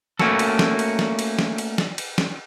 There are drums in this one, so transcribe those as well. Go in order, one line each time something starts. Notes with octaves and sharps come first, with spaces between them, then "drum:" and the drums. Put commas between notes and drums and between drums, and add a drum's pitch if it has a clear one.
A3 A#3 C#4 F#4 A4, drum: snare
drum: cymbal
drum: snare
drum: cymbal
drum: snare
drum: cymbal
drum: snare
drum: cymbal
drum: snare
drum: cymbal
drum: snare